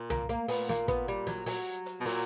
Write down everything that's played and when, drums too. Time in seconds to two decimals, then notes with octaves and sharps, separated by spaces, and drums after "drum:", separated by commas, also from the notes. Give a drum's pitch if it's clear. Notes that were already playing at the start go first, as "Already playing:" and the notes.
Already playing: A#2
0.10 A#3, drum: tom C2
0.29 A#3, drum: hi-hat
0.48 A#2 B3, drum: open hi-hat
0.69 A#3, drum: snare
0.88 B3, drum: kick, hi-hat
1.08 G3
1.27 F#3, drum: snare
1.46 F#3, drum: open hi-hat
1.86 drum: hi-hat
2.01 B2
2.05 A#2 F#3, drum: open hi-hat